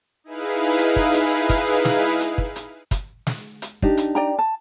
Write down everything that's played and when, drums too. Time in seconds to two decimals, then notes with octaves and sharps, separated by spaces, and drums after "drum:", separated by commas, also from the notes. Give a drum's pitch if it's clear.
0.24 D#4 E4 G#4 B4 F5
0.79 drum: hi-hat
0.96 drum: kick
1.14 drum: hi-hat
1.49 drum: kick, hi-hat
1.85 drum: snare
2.20 drum: hi-hat
2.38 drum: kick
2.56 drum: hi-hat
2.91 drum: kick, hi-hat
3.27 drum: snare
3.62 drum: hi-hat
3.82 D4 D#4 G4, drum: kick
3.97 drum: hi-hat
4.15 D5 G5 A#5
4.39 A5